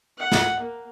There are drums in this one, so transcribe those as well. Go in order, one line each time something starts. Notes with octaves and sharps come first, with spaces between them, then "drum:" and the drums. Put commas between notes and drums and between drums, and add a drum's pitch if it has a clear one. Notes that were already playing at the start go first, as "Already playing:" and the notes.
F#5
drum: snare
A#3